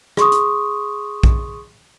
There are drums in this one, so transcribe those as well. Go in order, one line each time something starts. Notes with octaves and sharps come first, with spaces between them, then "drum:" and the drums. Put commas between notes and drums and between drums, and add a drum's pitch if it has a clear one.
G#4 C6 C#6 D#6, drum: rim click
drum: hi-hat
drum: kick A#1